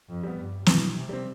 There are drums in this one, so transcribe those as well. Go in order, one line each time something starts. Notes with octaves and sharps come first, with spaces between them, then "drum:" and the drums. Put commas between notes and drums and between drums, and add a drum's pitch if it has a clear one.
F2
G3 B3
G2
B2 E3, drum: snare
C3
G3 C4